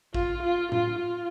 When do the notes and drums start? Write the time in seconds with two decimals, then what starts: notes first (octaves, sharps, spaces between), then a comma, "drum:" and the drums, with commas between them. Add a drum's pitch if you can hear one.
0.14 F4, drum: kick A1
0.43 F4
0.72 F4, drum: tom A2
0.99 F4